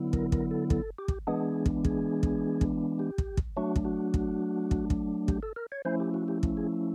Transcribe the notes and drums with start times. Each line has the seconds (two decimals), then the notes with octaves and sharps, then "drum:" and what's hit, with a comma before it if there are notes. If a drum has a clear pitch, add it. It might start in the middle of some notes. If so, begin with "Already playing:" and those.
Already playing: D3 F#3 B3 E4
0.13 A#4, drum: kick
0.32 A#4, drum: kick
0.51 A4
0.70 A4, drum: kick
0.98 G4
1.08 drum: kick
1.27 E3 G#3 B3 D4 G#4
1.66 drum: kick
1.85 G#4, drum: kick
2.23 drum: kick
2.61 drum: kick
2.99 G4
3.18 drum: kick
3.37 drum: kick
3.57 F#3 A3 D4 F#4
3.76 drum: kick
3.85 F#4
4.14 drum: kick
4.71 drum: kick
4.90 drum: kick
5.28 G4, drum: kick
5.43 A4
5.56 A#4
5.72 C#5
5.85 F3 A3 C#4 E4 C5
6.00 G4
6.14 F#4
6.28 G4
6.43 drum: kick
6.57 G#4